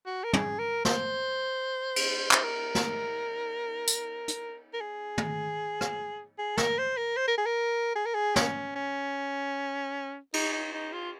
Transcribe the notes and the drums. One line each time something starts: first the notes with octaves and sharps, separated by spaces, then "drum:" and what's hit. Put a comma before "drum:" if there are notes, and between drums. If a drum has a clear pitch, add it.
F#4
A#4
G#4, drum: tom
A#4
C5, drum: snare
drum: cymbal
C5, drum: clap
A#4
drum: snare
drum: tambourine
drum: hi-hat
A#4
G#4
drum: tom
drum: rim click
G#4
A#4, drum: snare
C5
A#4
C5
A#4
G#4
A#4
G#4
A#4
G#4
C#4, drum: snare
C#4
D#4, drum: cymbal
D#4
D#4
F4